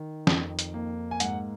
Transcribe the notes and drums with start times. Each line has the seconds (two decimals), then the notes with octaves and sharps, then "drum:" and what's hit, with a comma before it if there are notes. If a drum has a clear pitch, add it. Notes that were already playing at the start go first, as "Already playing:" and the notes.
Already playing: D#3
0.27 F2, drum: snare
0.59 drum: hi-hat
0.74 A#3
1.11 G#5
1.20 G#2 F#5, drum: hi-hat